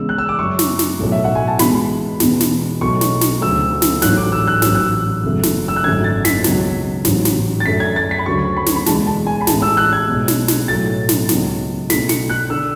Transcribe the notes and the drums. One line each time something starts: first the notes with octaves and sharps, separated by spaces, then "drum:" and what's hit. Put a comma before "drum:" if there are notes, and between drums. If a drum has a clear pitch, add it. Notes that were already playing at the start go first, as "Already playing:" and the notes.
Already playing: E2 C#3 G#3 E6
F#6
E6
D6
F#2 C#3 F#3 C#6
drum: snare
drum: snare
B1 A2 F#3 A3
E5
F#5
G#5
A5
E2 B2 G#3 B5, drum: snare
E1 E2 B2, drum: snare
drum: snare
B1 B2 F#3 A3 C#6
drum: snare
drum: snare
D2 C#3 F#3 A3 E6
drum: snare
A1 G#2 F#3 A3 F#6, drum: snare
D6
E6
F#6
A1 G#2 F#3 E6, drum: snare
F#6
F#1 E2 C#3 F#3 A3
drum: snare
E6
F#6
G#1 F#2 D3 A3 G#6
A6
B6, drum: snare
C#2 B2 F#3, drum: snare
A1 G#2 F#3, drum: snare
drum: snare
A6
F#2 D3 A3 B6
G#6
A6
B6
B5
D2 C#3 F#3 C#6
B5
drum: snare
B5
E1 E2 D3 G#3 A5, drum: snare
A5
G#5
B5
A1 A2 G#3 A5, drum: snare
E6
F#6
G#6
B1 B2 G#3
drum: snare
drum: snare
B1 A2 F#3 A3 A6
drum: snare
C#2 B2 F#3, drum: snare
B1 B2 A3 B6, drum: snare
C#7, drum: snare
F#6
D3 E6